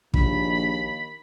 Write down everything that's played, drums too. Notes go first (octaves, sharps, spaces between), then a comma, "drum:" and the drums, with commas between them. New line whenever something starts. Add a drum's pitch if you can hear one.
A#1 D#2 B5, drum: kick